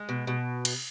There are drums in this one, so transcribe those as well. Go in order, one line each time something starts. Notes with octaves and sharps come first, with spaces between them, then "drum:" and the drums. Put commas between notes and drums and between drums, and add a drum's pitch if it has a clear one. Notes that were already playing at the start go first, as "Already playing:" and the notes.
Already playing: G#3 G#5
B2
B2
drum: cymbal